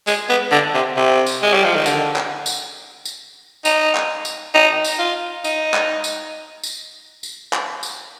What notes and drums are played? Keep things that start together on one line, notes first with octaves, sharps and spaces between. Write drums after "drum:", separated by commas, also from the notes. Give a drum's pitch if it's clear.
G#3, drum: tambourine
B3
D3
C3
C3
drum: tambourine
G#3
G3
F3
D#3
D3, drum: tambourine
drum: clap
drum: tambourine
drum: tambourine
D#4, drum: tambourine
drum: clap
drum: tambourine
D#4
drum: tambourine
F4
D#4, drum: tambourine
drum: clap
drum: tambourine
drum: tambourine
drum: tambourine
drum: clap
drum: tambourine